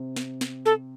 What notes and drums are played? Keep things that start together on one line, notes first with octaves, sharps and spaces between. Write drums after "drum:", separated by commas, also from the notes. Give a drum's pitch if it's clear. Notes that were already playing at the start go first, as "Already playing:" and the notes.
Already playing: C3
drum: snare
drum: snare
A4